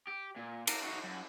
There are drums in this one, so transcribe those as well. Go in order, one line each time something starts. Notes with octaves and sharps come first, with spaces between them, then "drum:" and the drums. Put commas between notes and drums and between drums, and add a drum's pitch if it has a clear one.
G4
A#2
A#4, drum: cymbal
D#4 F#4
F#2